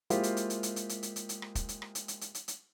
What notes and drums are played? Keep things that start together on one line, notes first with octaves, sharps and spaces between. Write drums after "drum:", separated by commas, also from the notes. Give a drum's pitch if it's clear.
G#3 A#3 E4 F4 G4 C5, drum: hi-hat
drum: hi-hat
drum: hi-hat
drum: hi-hat
drum: hi-hat
drum: hi-hat
drum: hi-hat
drum: hi-hat
drum: hi-hat
drum: hi-hat
drum: rim click
drum: kick, hi-hat
drum: hi-hat
drum: rim click
drum: hi-hat
drum: hi-hat
drum: hi-hat
drum: hi-hat
drum: hi-hat